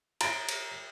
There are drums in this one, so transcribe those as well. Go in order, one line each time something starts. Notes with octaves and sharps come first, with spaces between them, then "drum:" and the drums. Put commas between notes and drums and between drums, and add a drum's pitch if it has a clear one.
A#5 A6 D7, drum: cymbal
drum: cymbal